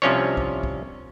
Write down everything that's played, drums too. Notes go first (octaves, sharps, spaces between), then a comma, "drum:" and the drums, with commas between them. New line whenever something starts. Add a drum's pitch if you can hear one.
C2 C3 F3 C#4 D4 C#5, drum: tom D#3
drum: kick
drum: kick